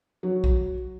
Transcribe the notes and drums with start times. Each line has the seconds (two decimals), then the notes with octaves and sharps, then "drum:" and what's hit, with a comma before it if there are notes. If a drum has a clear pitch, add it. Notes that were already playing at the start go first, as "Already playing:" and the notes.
0.23 F#3
0.44 drum: kick